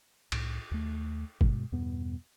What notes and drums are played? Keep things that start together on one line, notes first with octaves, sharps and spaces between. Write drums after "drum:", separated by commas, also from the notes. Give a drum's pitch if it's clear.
C2 A2, drum: cymbal
D#2 A3
G2 B2 G#3, drum: kick G1
E2 G2 B2 B3